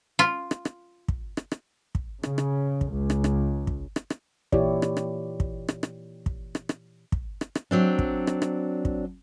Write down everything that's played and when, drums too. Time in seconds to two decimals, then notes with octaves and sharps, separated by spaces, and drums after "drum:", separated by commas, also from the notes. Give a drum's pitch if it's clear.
0.19 F4
0.51 drum: rim click
0.65 drum: rim click
1.08 drum: kick
1.37 drum: rim click
1.52 drum: rim click
1.95 drum: kick
2.23 C#3, drum: rim click
2.38 drum: rim click
2.81 drum: kick
2.92 C#2
3.10 drum: rim click
3.24 drum: rim click
3.67 drum: kick
3.96 drum: rim click
4.10 drum: rim click
4.52 A#2 E3 E4 G4 C#5 D5, drum: kick
4.82 drum: rim click
4.97 drum: rim click
5.40 drum: kick
5.69 drum: rim click
5.83 drum: rim click
6.26 drum: kick
6.55 drum: rim click
6.69 drum: rim click
7.12 drum: kick
7.41 drum: rim click
7.55 drum: rim click
7.71 F#3 C4 D4
7.99 drum: kick
8.27 drum: rim click
8.42 drum: rim click
8.85 drum: kick